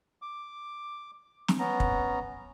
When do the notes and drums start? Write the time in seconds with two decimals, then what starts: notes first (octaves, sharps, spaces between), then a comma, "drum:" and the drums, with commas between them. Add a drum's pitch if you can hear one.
0.22 D6
1.48 drum: snare
1.59 B3 C#4 A#5
1.80 drum: kick